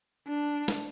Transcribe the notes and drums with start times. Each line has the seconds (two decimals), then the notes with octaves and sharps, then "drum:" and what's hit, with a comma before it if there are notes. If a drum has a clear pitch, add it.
0.28 D4
0.68 drum: snare